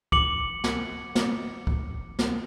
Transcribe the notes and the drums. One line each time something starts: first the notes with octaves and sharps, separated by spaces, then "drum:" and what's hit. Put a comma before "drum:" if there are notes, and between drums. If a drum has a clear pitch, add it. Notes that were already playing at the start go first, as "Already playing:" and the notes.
D6 C#7 F#7, drum: kick
drum: snare
drum: snare
drum: kick
drum: snare